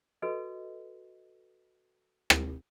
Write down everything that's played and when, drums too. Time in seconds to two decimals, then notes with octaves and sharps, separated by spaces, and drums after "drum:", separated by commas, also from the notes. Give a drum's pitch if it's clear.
0.22 F#4 A4 B4 D#5
2.30 drum: rim click